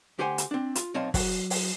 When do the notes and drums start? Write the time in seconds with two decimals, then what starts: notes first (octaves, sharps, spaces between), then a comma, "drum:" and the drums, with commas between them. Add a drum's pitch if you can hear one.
0.19 D2 G4 C5 F#5 G#5 C6
0.38 drum: hi-hat
0.51 C4 D4
0.75 F4, drum: hi-hat
0.94 B1 C4 C#5 D#5 F5 A5
1.14 F#3 F#4, drum: kick, open hi-hat
1.50 drum: open hi-hat